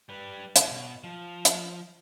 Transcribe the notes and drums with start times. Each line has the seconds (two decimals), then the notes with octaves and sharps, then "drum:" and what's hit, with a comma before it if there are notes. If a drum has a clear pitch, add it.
0.09 G3 B4
0.56 D3 G3, drum: hi-hat
0.70 B2
1.04 F3
1.45 drum: hi-hat